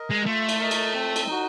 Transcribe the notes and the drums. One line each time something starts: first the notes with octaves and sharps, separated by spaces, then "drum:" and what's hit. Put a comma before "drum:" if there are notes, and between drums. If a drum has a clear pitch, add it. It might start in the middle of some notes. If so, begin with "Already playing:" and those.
Already playing: A#4 D#5
G#3
A3 F4
drum: cymbal
A#4 D#5
drum: cymbal
C4
drum: cymbal
D#4 F#4